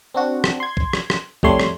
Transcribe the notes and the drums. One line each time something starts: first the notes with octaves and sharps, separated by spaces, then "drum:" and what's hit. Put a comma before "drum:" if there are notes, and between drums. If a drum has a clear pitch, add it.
C4 D4 F#4
drum: rim click
C6 G#6
drum: kick B1
drum: rim click
drum: rim click
F2 A2 G3 A3 C#5 C6, drum: kick B1
drum: rim click